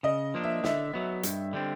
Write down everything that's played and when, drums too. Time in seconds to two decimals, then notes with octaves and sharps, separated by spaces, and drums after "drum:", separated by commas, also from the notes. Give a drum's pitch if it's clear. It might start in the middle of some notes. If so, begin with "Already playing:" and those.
0.03 C#3 D#5
0.34 F3 A#3 D4
0.44 E5
0.64 D3 E5, drum: snare
0.94 F#3 B3
1.23 G2, drum: hi-hat
1.53 D3 G3 C4